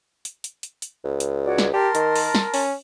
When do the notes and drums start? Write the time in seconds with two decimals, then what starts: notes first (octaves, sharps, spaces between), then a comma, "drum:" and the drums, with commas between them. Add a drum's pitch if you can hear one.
0.25 drum: hi-hat
0.44 drum: hi-hat
0.63 drum: hi-hat
0.82 drum: hi-hat
1.05 C#2
1.20 drum: hi-hat
1.45 F#4 C#5 D5
1.58 drum: snare
1.73 G4 A#4 A5 C6
1.95 D#3, drum: hi-hat
2.16 drum: open hi-hat
2.35 drum: snare
2.54 C#4, drum: open hi-hat